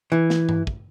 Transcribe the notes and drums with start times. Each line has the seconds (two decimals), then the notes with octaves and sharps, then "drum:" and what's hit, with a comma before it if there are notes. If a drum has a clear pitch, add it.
0.12 E3
0.30 drum: snare
0.49 drum: tom G2
0.67 drum: kick